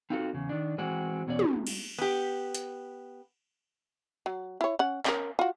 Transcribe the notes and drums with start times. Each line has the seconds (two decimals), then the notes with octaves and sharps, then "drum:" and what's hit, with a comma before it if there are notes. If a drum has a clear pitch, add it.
0.10 C4 D#4 F4 F#4 A4
0.33 E2 C#3
0.49 D#3 D4
0.78 E3 G#3 C4 F#4 G#4
1.27 E2 B2 C#4 D#4 D5
1.39 drum: tom
1.67 drum: cymbal
1.98 B3 G4
2.55 drum: hi-hat
4.26 F#3
4.61 E4 C#5
4.79 C#4 F#5
5.05 C#4 A#4, drum: clap
5.39 F4 F#4